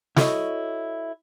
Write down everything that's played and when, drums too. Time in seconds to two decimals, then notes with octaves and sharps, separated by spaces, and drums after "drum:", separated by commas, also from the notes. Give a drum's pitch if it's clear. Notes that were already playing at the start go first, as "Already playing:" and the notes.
0.17 E4 F#4 A4 B4 C#5 D#5, drum: snare